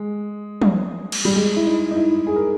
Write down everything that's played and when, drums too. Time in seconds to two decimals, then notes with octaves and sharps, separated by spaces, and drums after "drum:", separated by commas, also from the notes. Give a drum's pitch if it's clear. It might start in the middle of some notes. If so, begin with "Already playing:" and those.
Already playing: G#3
0.62 drum: tom
1.12 drum: cymbal
1.25 G3
1.36 G#3
1.56 E4
1.66 D#4
1.91 D#4
1.96 E4
2.27 G#4
2.36 A#4